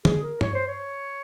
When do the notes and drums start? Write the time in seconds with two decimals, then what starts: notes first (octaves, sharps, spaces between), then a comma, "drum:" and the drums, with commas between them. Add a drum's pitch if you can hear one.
0.05 G#4, drum: tom
0.23 A#4
0.41 C#5, drum: tom
0.54 C5
0.68 C#5